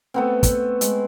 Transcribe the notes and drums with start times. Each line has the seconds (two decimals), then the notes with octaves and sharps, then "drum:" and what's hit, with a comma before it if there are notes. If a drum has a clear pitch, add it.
0.14 A3 B3 C4
0.43 drum: kick, hi-hat
0.81 G#3, drum: hi-hat